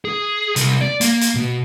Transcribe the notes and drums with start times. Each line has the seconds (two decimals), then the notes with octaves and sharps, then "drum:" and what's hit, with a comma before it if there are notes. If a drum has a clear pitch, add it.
0.05 G#4
0.56 C2, drum: hi-hat
0.81 D5
1.01 A#3, drum: hi-hat
1.21 drum: hi-hat
1.35 B2